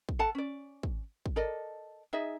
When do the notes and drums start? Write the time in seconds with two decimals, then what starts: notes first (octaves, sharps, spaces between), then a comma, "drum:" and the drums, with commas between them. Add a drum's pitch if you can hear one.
0.09 drum: kick
0.19 A4 F#5 A5
0.35 C#4 D5
0.83 drum: kick
1.26 drum: kick
1.36 A4 A#4 D5 D#5
2.13 D#4 G#4 D#5 E5